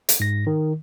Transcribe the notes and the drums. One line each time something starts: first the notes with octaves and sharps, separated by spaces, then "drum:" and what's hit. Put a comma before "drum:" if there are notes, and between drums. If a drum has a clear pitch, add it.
drum: hi-hat
G#2 A#6
D#3